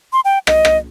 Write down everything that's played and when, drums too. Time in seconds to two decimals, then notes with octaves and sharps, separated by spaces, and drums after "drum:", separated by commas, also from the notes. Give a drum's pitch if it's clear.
0.13 C6
0.25 G5
0.47 D#5, drum: rim click
0.65 drum: rim click